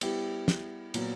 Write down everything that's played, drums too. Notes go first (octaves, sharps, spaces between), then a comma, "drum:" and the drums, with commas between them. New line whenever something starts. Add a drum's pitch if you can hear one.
G3 B3 E4 G4, drum: cymbal
drum: snare
A#2 F#3 B3, drum: cymbal